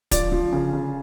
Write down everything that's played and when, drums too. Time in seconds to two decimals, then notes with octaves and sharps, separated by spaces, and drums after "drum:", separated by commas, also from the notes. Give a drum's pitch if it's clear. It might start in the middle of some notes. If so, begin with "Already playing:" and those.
0.11 F3 D5, drum: kick, hi-hat
0.32 F3
0.52 C#3
0.73 C#3